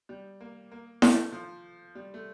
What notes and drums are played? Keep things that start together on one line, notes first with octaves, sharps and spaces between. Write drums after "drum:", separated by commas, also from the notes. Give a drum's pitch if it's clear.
G3
A#3
A#3
A3, drum: snare E4
F3
G3
A3